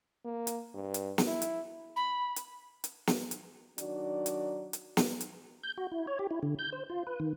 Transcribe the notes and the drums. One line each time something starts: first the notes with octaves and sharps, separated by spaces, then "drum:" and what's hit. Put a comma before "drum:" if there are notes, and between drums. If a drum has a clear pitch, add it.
A#3
drum: hi-hat
G2
drum: hi-hat
drum: snare
E4
drum: hi-hat
B5
drum: hi-hat
drum: hi-hat
drum: snare
drum: hi-hat
D#3 F#3 D4 F#4 D5, drum: hi-hat
drum: hi-hat
drum: hi-hat
drum: snare
drum: hi-hat
G6
F#4
E4
C#5
G4
E4
D3
G6
C5
F4
B4
D#3